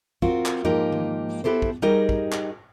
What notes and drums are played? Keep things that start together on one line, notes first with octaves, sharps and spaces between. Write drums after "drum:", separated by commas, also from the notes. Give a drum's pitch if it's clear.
C4 F4 F#4 A#4, drum: kick
drum: clap
G#2 F3 A#3 D#4 G4
drum: tom D#3
B3 E4 G4 A4 C5
drum: kick
G3 D#4 G4 G#4 A#4 D#5
drum: kick
drum: clap